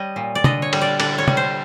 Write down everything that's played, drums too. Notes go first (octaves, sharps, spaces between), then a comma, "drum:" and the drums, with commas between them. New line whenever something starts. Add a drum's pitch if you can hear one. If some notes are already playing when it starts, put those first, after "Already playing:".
Already playing: G3 C#5 D#5
A#2
D5
D3 D#5, drum: tom
C#5
G3, drum: cymbal
D5
D3 D5, drum: cymbal
C#5
G3, drum: tom
C5